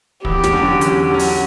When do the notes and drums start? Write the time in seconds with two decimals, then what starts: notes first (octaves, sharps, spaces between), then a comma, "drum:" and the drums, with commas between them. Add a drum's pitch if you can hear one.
0.25 E2 G4, drum: kick
0.44 drum: snare
0.53 D3 F#3 C#4
0.81 E2, drum: hi-hat
1.10 D3 F#3 C#4
1.19 drum: open hi-hat